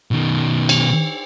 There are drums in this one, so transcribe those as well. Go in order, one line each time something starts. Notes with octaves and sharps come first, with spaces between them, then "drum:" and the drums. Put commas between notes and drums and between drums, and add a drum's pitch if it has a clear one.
B2 D#3
drum: cymbal